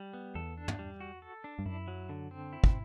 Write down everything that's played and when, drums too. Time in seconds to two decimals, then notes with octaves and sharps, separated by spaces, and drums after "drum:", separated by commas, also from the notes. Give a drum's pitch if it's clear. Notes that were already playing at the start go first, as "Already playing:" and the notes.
Already playing: G3
0.13 B3
0.35 E2 A4
0.57 D4
0.68 drum: tom
0.79 G3
1.00 F#4
1.22 A4
1.44 D4
1.59 G2
1.66 F#2 E4
1.88 F#3
2.09 D3
2.31 C4
2.53 E4
2.64 drum: kick